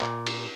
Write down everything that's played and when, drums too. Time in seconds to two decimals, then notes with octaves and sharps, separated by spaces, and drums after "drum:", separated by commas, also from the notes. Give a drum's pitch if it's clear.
0.01 A#2, drum: clap
0.27 drum: cymbal